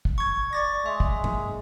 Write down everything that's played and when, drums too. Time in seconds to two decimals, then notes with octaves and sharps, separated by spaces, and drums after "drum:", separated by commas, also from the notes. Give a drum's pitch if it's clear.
0.05 drum: kick
0.18 C#6 G#6
0.53 D5 C#6 A6 A#6
0.86 G#3 E5
1.00 drum: kick
1.24 drum: tom G#2